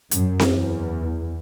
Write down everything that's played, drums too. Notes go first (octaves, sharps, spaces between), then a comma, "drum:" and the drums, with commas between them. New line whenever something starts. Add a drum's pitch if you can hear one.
F#2, drum: hi-hat
drum: snare C4
E2